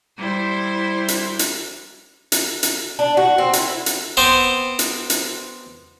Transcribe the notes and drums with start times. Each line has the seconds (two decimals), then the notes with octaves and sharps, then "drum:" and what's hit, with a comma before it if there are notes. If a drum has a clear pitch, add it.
0.19 G3 E4 C5
1.08 drum: hi-hat
1.39 drum: hi-hat
2.32 drum: hi-hat
2.63 drum: hi-hat
2.99 D4
3.17 F#4
3.38 C4
3.53 E4, drum: hi-hat
3.86 drum: hi-hat
4.17 B3 C4 C5
4.79 drum: hi-hat
5.10 drum: hi-hat